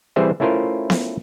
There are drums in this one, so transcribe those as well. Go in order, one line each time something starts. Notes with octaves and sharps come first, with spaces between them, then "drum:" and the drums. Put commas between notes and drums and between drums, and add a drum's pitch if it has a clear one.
E3 G3 C4 G#4 C5 E5
A3 C#4 E4 F4 A#4 C5
drum: snare B3